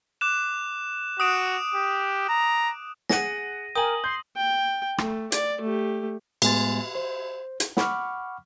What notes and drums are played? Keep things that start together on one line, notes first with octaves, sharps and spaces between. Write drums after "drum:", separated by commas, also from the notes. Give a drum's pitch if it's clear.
D6 F#6 E7
F#4 D#6 D7 E7
G4
A#5
G#4 F#5 A#6 D#7, drum: snare
A#4 G5 G#5 D#6 F#7
C6 G6
G5
A3, drum: rim click
D5, drum: hi-hat
A3 G4
A2 G#3 B3 G#5 C6 A6, drum: cymbal
C5
drum: hi-hat
F#5 B5 C#6 D6 F6, drum: snare